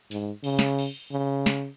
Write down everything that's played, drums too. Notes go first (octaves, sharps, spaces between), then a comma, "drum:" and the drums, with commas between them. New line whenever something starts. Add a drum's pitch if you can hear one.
G#2, drum: open hi-hat
C#3, drum: cymbal
drum: snare
drum: cymbal
C#3
drum: snare